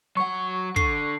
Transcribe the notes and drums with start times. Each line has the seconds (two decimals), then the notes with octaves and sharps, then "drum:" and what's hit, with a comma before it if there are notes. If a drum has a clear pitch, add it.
0.17 F#3 F#5 C#6
0.76 D3 C7, drum: kick